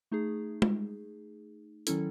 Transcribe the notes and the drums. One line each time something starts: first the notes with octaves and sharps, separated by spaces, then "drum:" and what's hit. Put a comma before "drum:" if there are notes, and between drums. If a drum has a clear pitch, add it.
A3 D#4 G#4
drum: tom G#3
D#3 F#3 C#4 E4 A4, drum: hi-hat